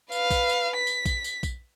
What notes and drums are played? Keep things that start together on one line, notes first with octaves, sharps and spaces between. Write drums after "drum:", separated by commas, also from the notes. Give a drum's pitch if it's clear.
B4 F5, drum: tambourine
drum: kick A#1, tambourine
drum: tambourine
B6
drum: tambourine
drum: kick A#1, tambourine
drum: tambourine
drum: kick A#1, tambourine